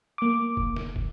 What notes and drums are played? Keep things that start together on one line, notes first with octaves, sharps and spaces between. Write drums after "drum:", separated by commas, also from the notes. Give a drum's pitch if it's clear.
A#3 D6
drum: kick
drum: snare
drum: kick